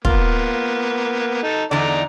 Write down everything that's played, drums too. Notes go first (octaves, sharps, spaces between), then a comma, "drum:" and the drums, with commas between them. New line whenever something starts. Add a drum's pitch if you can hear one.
A#3 B3 F4, drum: kick
D#4 A4
E2 D3 D#4 D5 A#5